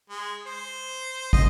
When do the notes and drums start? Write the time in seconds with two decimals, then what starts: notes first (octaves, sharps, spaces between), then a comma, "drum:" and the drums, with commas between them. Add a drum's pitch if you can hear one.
0.10 G#3
0.46 C5
1.33 D#5, drum: kick